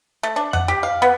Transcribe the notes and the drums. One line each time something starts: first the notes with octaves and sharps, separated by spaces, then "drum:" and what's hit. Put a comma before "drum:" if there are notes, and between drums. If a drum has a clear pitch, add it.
A3
D4
F#5, drum: tom F2
G4
F5
B3